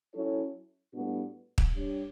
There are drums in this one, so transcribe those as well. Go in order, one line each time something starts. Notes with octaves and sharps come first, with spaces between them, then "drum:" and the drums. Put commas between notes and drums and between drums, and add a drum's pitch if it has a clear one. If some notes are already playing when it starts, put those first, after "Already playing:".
F#3 C#4 E4 A4 C#5
A2 G3 B3 D4 F#4
drum: kick
G3 D4 G4 C#5